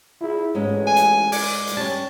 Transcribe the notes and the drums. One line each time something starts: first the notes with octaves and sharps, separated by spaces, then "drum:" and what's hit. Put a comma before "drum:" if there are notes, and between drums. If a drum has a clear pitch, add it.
E4 F4 G#4
A1 G#2 G#3 C#4
G#5
drum: hi-hat
D5 G#6 C#7 D#7, drum: open hi-hat
drum: hi-hat
G3 C#4 C#5 A5